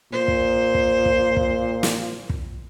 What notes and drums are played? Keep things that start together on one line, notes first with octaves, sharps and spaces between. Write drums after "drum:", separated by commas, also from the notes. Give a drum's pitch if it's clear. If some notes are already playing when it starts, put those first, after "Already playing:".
A#2 C5
drum: kick
drum: kick
drum: kick
drum: kick
drum: snare
drum: kick